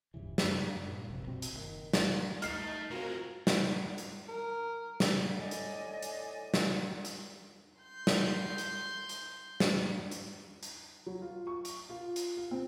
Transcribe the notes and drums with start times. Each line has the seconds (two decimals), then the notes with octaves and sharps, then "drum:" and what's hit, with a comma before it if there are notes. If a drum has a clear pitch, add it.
0.14 D1 G2 C#3 E3
0.38 F#2 C#3, drum: snare
0.85 G2 A#2 C#3
1.10 G#1 F#2 C3 F3
1.27 B1 B2 G3 C4
1.42 drum: hi-hat
1.53 F#1 B2 D#3
1.93 drum: snare
2.42 A3 D#4 F6 C7, drum: hi-hat
2.91 F#3 G#3 C4 F4 F#4 A#4
3.47 drum: snare
3.98 drum: hi-hat
4.28 A#4
5.00 drum: snare
5.37 A2 D5 D#5 G#5
5.51 drum: hi-hat
6.02 drum: hi-hat
6.54 drum: snare
7.05 drum: hi-hat
7.81 C6 G6
8.07 drum: snare
8.58 drum: hi-hat
9.09 drum: hi-hat
9.60 drum: snare
10.12 drum: hi-hat
10.63 drum: hi-hat
11.06 F#3
11.22 F4
11.47 C#6
11.65 drum: hi-hat
11.89 F4
12.16 drum: hi-hat
12.37 F4
12.51 C4